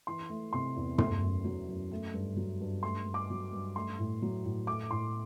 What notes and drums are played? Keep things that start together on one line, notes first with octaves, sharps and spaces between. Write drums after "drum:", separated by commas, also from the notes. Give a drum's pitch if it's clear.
E3 C6
A3
C3 C6
E2
A3 C6, drum: tom
F#2
F#3
F#2
A3
G2
F#3
G2
A3 C6
G2
D6
F#3
G2
A3 C6
A2
F#3
A2
A3 D6
A2 C6